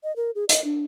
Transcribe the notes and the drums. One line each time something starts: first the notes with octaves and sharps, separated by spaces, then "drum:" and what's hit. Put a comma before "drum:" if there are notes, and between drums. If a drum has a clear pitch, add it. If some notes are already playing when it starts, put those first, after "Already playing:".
D#5
A#4
G#4
D#5, drum: hi-hat
D4